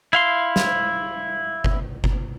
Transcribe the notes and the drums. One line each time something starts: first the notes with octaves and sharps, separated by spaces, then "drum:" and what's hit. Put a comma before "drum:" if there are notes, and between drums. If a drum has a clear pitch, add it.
E4 F5 C6
drum: snare
drum: kick G1
drum: kick G1